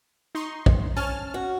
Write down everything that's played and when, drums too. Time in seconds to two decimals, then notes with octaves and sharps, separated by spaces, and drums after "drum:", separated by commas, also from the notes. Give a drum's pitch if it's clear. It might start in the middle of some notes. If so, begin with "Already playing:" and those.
0.35 D#4 C6 C#6
0.66 drum: kick
0.97 C#4 A5 F6
1.34 F#4